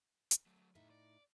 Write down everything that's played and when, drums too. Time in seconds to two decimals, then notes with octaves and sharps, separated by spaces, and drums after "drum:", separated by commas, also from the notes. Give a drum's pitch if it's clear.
0.31 drum: hi-hat
0.46 F#3 A3
0.75 D2 A2 D#4 E5
0.90 D5